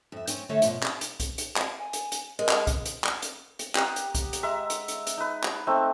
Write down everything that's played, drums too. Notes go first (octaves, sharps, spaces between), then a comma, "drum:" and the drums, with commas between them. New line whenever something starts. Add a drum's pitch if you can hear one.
F2 E5
C4 C#4, drum: hi-hat
D3 A3 A4 C#5 E5
B2 F3, drum: hi-hat
drum: clap
drum: hi-hat
drum: kick C2, hi-hat
drum: hi-hat
drum: clap
G#5
drum: hi-hat
drum: hi-hat
G#3 A#4
drum: clap
drum: kick C2, hi-hat
drum: hi-hat
drum: clap
drum: hi-hat
drum: hi-hat
G4 F#5 A#5 D#6, drum: clap
drum: hi-hat
drum: kick C2, hi-hat
drum: hi-hat
G#3 E5 A#5
drum: hi-hat
drum: hi-hat
drum: hi-hat
D#4 B4
drum: clap
A3 C4 D#4 E5